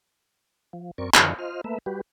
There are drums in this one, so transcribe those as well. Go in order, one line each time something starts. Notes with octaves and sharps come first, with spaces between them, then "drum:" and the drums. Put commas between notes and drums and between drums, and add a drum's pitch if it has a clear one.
F3
F#2 C4 A#4 D5 C#6
F#2 D3 D#3 F3, drum: clap
F4 C5 D#5 F6
A3 A#3 B4 E5
G3 F#4 G4 B4